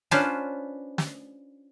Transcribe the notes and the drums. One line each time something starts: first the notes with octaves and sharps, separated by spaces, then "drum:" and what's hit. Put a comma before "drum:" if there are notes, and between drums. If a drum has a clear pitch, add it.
C#4 D4 F4 B4 C5, drum: snare
drum: snare